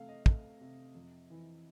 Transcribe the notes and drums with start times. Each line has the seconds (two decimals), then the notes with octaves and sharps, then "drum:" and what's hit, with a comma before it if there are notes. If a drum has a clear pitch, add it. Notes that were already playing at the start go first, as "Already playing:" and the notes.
Already playing: C3 A3 F5
0.09 D#5
0.26 A3, drum: kick
0.61 C3
0.95 F2
1.30 E3